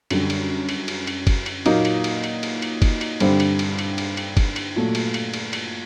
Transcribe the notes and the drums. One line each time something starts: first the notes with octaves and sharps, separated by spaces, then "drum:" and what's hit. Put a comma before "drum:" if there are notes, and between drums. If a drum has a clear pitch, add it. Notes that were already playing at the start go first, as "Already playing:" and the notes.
F#2 D3 G3, drum: cymbal
drum: cymbal
drum: cymbal
drum: cymbal
drum: cymbal
drum: kick, cymbal
drum: cymbal
A#2 F#3 A#3 D#4, drum: cymbal
drum: cymbal
drum: cymbal
drum: cymbal
drum: cymbal
drum: cymbal
drum: kick, cymbal
drum: cymbal
G2 D3 G3 C4, drum: cymbal
drum: cymbal
drum: cymbal
drum: cymbal
drum: cymbal
drum: cymbal
drum: kick, cymbal
drum: cymbal
A#2 F#3 A3
drum: cymbal
drum: cymbal
drum: cymbal
drum: cymbal